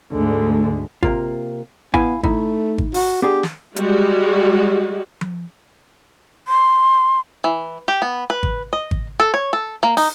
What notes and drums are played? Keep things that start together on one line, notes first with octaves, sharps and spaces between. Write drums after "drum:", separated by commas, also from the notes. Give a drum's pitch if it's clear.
D2 G#2 D3 G#3
C3 A#3 F4, drum: kick G#1
B3 E4 F5 G#5, drum: kick G#1
A3 D#4 E4, drum: kick G#1
drum: kick G#1
F#4, drum: open hi-hat
B3 D4 G4 G#4
drum: snare
G3 G#3 F#4, drum: hi-hat
drum: tom F3
C6
E3
G4
B3
B4
drum: kick G#1
D#5
drum: kick G#1
A4
C#5
A4
A#3
D#4, drum: open hi-hat